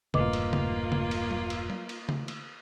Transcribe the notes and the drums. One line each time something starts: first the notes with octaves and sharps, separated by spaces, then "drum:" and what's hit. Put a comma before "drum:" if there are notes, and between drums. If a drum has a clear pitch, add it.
E1 G2 A#2 A#3 F4 B4 D#5 D6, drum: tom C#3
drum: cymbal
drum: tom C#3
drum: tom C#3
drum: cymbal
drum: tom F#3
drum: cymbal
drum: tom F#3
drum: cymbal
drum: tom C#3
drum: cymbal